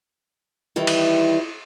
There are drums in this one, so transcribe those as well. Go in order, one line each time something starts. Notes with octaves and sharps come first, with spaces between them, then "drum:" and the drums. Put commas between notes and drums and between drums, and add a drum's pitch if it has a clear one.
D#3 E3 G3 E4
drum: cymbal